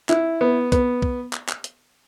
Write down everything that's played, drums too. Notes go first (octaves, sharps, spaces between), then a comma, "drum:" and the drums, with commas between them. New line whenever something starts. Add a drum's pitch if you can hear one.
E4, drum: clap
B3
B3, drum: kick, hi-hat
drum: kick
drum: clap
drum: clap
drum: hi-hat